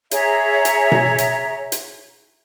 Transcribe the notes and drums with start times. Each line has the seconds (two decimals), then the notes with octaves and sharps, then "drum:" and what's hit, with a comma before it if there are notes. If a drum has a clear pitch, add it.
0.11 G#4 C#5 E5 A#5, drum: hi-hat
0.65 drum: hi-hat
0.92 drum: tom B2
1.18 drum: hi-hat
1.72 drum: hi-hat